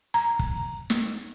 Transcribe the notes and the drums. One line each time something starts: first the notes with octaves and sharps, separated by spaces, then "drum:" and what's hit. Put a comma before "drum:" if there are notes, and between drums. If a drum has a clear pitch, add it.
A#5
drum: kick
drum: snare